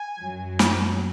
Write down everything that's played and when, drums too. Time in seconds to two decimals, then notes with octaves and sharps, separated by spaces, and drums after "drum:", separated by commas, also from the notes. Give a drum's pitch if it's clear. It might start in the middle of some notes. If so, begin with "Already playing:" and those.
Already playing: G#5
0.18 F#2 F#3
0.59 drum: snare